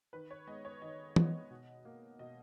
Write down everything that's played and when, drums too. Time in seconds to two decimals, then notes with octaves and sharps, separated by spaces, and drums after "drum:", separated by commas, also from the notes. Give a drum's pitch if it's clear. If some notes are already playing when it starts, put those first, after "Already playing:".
0.13 D#3 B4
0.30 C#5
0.47 G#3 B3 D#5
0.65 C#5
0.82 D#3 D#5
1.16 G#3 B3, drum: tom E3
1.50 B2
1.85 A#3
2.19 B2 D#5